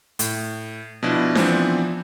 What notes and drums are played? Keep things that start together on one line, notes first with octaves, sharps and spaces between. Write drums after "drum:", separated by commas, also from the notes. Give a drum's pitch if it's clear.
A2, drum: hi-hat
B2 F3 D4 E4
E3 F3 B3 C4 D4, drum: snare D4